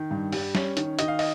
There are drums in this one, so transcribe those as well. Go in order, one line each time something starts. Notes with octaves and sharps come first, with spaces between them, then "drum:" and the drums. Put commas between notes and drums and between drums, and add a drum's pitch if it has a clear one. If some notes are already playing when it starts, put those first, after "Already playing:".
Already playing: D#3
G2
G3, drum: open hi-hat
C#4, drum: snare
D#3, drum: hi-hat
D#3 D#5, drum: hi-hat
F5
D#5, drum: open hi-hat